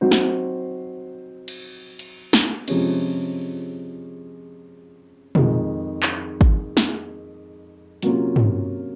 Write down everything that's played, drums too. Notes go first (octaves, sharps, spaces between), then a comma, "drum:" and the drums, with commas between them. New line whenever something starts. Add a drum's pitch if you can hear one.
F#3 C4 D#4 F#4 C5
drum: snare
drum: cymbal
drum: cymbal
drum: snare
C3 F3 G#3 C#4, drum: cymbal
F2 D#3 G#3, drum: tom
drum: clap
drum: kick G#1
drum: snare
C3 F#3 A#3 C#4 F4, drum: hi-hat
drum: tom